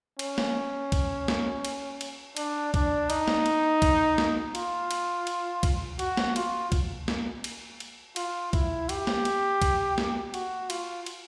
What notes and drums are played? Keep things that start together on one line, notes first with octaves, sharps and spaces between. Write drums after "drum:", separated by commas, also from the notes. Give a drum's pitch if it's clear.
C#4, drum: cymbal
drum: snare
drum: kick C2, cymbal
drum: snare
drum: cymbal
drum: cymbal
D4, drum: cymbal
D4, drum: kick C2, cymbal
D#4, drum: cymbal
drum: snare
drum: cymbal
drum: kick C2, cymbal
drum: snare
F4, drum: cymbal
drum: cymbal
drum: cymbal
drum: kick C2, cymbal
F#4, drum: cymbal
drum: snare
F4, drum: cymbal
drum: kick C2, cymbal
drum: snare
drum: cymbal
drum: cymbal
F4, drum: cymbal
E4, drum: kick C2, cymbal
G4, drum: cymbal
drum: snare
drum: cymbal
drum: kick C2, cymbal
drum: snare
F#4, drum: cymbal
F4, drum: cymbal
drum: cymbal